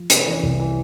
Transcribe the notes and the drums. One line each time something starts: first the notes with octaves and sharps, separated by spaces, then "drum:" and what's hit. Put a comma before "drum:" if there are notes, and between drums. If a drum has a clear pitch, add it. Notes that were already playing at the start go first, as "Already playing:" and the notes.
Already playing: F3
C3, drum: hi-hat
E3
C2
E3